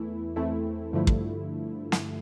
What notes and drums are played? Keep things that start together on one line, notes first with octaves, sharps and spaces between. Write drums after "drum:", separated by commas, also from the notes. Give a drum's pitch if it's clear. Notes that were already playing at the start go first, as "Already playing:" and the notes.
Already playing: E2 E3 A3 E4
E2 E3 A3 C4 E4
G2 D3 F3 A3 E4
drum: kick
drum: snare